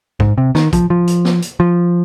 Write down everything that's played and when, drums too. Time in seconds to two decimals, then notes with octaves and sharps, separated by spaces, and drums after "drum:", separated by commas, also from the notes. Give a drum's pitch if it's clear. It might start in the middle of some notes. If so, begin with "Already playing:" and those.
0.20 G#2, drum: kick
0.38 C3
0.55 D#3, drum: snare
0.73 F3, drum: kick, hi-hat
0.90 F3
1.07 drum: hi-hat
1.25 drum: snare
1.42 drum: hi-hat
1.60 F3